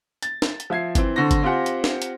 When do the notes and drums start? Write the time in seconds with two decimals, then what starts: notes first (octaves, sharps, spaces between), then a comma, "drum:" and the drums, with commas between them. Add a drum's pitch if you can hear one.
0.22 A6, drum: hi-hat
0.42 drum: snare
0.60 drum: hi-hat
0.70 F3 E5 G#6 C7
0.95 E3 C4, drum: kick G1, hi-hat
1.16 D3 C4 C#6 A#6
1.31 drum: kick G1, hi-hat
1.43 C4 F4 G4 C5 F#5 G#5
1.66 drum: hi-hat
1.84 drum: snare
2.02 drum: hi-hat